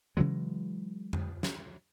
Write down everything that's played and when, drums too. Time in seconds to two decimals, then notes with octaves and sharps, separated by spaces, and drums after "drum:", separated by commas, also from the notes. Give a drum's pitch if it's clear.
0.17 C#3 E3 F#3 G#3
1.13 drum: tom F2
1.43 drum: snare